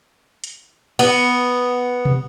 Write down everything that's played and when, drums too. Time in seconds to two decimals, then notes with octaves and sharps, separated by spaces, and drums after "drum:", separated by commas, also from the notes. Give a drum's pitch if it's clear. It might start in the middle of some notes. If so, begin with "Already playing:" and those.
0.44 drum: hi-hat
0.99 B3, drum: cymbal
2.05 drum: tom